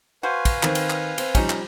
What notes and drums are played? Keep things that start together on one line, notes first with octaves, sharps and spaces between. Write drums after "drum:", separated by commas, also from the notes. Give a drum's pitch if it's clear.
F#4 B4 C5 F5 G#5
drum: kick, cymbal
D#3 C4, drum: clap
drum: cymbal
drum: clap
C4, drum: cymbal
F3 G3 C#4 D#4, drum: kick, cymbal
drum: clap